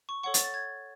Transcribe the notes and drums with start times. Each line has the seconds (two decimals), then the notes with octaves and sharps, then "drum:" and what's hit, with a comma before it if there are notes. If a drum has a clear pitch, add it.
0.09 C#6
0.23 A4 C#5 F#5 C#6
0.34 A6, drum: hi-hat
0.44 A6
0.54 G#6